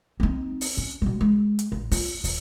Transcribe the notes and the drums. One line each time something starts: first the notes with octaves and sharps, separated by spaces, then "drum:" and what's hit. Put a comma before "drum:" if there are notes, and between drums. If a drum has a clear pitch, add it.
C4 D#4
drum: open hi-hat
C#4
B2 G3
G#3
drum: hi-hat
A1
F4, drum: open hi-hat
drum: kick, open hi-hat